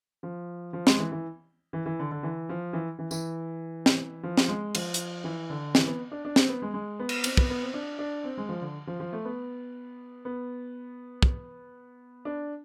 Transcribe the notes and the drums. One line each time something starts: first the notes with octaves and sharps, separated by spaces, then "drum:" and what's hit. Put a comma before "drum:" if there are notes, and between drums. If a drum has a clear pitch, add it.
F3
F3
G#3, drum: snare
E3
E3
E3
E3
D3
D3
E3
F3
E3
E3
E3, drum: tambourine
drum: snare
F3
drum: snare
G#3
F3, drum: cymbal
drum: hi-hat
E3
D3
E3, drum: snare
B3
D4
D4
C4, drum: snare
B3
G#3
G#3
B3
drum: cymbal
C4, drum: cymbal
B3, drum: kick
B3
C4
D4
D4
C4
G#3
F3
D3
F3
F3
A3
B3
B3
drum: kick
D4